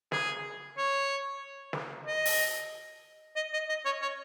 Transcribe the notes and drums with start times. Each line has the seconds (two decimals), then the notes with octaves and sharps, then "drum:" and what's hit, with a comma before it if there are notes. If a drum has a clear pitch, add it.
0.12 G#4, drum: snare
0.77 C#5
1.73 drum: snare
2.06 D#5
2.25 drum: open hi-hat
3.36 D#5
3.53 D#5
3.69 D#5
3.85 C#5
4.02 C#5